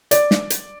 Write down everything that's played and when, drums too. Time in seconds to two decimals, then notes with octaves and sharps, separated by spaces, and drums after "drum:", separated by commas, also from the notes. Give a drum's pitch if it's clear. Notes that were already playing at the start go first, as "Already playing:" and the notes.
0.11 D5, drum: hi-hat
0.31 drum: snare
0.50 drum: hi-hat